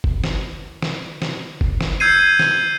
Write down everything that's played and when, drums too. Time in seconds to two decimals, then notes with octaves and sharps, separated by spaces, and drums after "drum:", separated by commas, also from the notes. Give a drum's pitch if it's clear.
0.04 drum: kick
0.24 drum: snare
0.82 drum: snare
1.22 drum: snare
1.61 drum: kick
1.81 drum: snare
2.00 E6 G6 G#6 C7 D#7
2.39 drum: snare